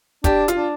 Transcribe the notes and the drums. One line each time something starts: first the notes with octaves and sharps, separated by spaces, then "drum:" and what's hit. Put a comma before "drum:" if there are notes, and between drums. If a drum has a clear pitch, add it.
D4 G4, drum: kick, hi-hat
F4, drum: hi-hat
D4